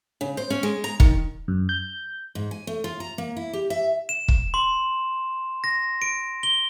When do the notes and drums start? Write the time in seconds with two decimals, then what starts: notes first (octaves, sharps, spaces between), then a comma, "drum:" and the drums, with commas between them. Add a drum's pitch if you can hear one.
0.21 C#3
0.37 C5
0.50 C#4
0.63 G#3
0.84 A#5
1.00 D#3, drum: kick
1.48 F#2
1.69 G6
2.35 G#2
2.51 G#5
2.67 A3
2.84 F4
3.00 A#5
3.18 A#3
3.37 E4
3.53 G4
3.70 E5
4.09 E7
4.28 drum: kick
4.54 C6
5.64 A#6
6.02 D7
6.43 G7